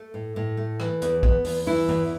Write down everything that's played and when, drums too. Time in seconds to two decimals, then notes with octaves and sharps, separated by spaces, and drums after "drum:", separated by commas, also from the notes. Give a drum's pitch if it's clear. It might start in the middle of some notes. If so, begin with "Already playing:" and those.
Already playing: A3
0.14 A2
0.36 A2
0.57 A3
0.80 E3, drum: rim click
1.02 E2, drum: hi-hat
1.23 B3, drum: kick
1.45 E2, drum: open hi-hat
1.67 E3 E4
1.89 E2, drum: tom G2